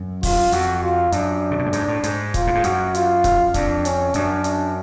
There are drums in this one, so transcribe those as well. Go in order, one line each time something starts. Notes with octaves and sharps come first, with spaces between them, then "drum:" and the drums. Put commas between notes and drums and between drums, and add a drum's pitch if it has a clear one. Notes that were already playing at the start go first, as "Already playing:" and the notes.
Already playing: F#2
F4, drum: kick, open hi-hat
F2 F#4, drum: hi-hat
F4
F#2 D4, drum: hi-hat
C#3
B2
A2
G#2, drum: hi-hat
A2
G#2, drum: hi-hat
F4, drum: kick, hi-hat
A2
G#2
F#2 F#4, drum: hi-hat
F4, drum: hi-hat
drum: kick, hi-hat
F2 D4, drum: kick, hi-hat
C#4, drum: hi-hat
F#2 D4, drum: hi-hat
D4, drum: hi-hat